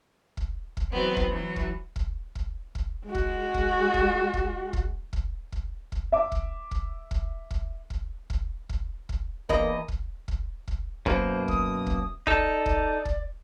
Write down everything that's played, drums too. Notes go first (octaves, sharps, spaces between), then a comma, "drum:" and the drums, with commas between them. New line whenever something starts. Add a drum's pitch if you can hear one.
drum: kick
drum: kick
E3 F#3 B3 C4
drum: kick
E3 F#3 F#4
drum: kick
drum: kick
drum: kick
drum: kick
G#3 F#4
drum: kick
drum: kick
drum: kick
drum: kick
drum: kick
drum: kick
drum: kick
drum: kick
E5 D6
drum: kick
drum: kick
drum: kick
drum: kick
drum: kick
drum: kick
drum: kick
drum: kick
E2 A#3 D#5, drum: kick
drum: kick
drum: kick
drum: kick
F#2 B2 A#3 C5, drum: kick
D#6, drum: kick
drum: kick
D#4 A4 D5, drum: kick
drum: kick
drum: kick